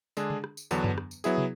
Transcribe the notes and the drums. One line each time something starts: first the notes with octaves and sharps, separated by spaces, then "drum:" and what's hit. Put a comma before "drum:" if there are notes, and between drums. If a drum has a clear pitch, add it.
D3 G#3 D4 G#4, drum: tambourine
drum: tom
drum: rim click
drum: tambourine
E2 D3 F#3 B3 D4, drum: tambourine
drum: tom F#2
drum: rim click
drum: tambourine
F#3 B3 E4 G#4, drum: tambourine
drum: tom